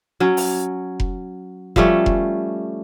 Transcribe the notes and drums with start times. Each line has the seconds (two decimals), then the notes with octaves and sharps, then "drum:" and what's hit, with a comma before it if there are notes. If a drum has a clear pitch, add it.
0.20 F#3 C#4
0.37 drum: open hi-hat
1.00 drum: kick F1
1.76 F3 G3 A3 C#4, drum: kick F1
2.06 drum: kick F1